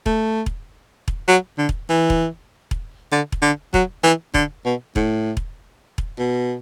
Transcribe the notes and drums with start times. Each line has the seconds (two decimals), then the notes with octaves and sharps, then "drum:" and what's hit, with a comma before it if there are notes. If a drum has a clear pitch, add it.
0.06 A3, drum: kick E1
0.46 drum: kick E1
1.08 drum: kick E1
1.28 F#3
1.58 D3
1.69 drum: kick E1
1.89 E3
2.10 drum: kick E1
2.71 drum: kick E1
3.12 D3
3.32 drum: kick E1
3.42 D3
3.74 F#3, drum: kick E1
4.03 E3
4.34 D3, drum: kick E1
4.65 B2
4.96 A2, drum: kick E1
5.37 drum: kick E1
5.98 drum: kick E1
6.19 B2